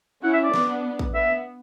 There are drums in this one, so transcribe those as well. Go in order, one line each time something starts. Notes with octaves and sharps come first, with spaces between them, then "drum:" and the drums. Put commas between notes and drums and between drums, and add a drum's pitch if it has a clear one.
C#4 E4 F#5
E5
D5
B3 D4, drum: snare
drum: kick
B3 E5